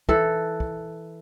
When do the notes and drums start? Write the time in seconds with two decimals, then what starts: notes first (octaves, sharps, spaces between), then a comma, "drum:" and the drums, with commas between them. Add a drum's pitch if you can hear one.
0.09 E3 A4, drum: kick
0.60 drum: kick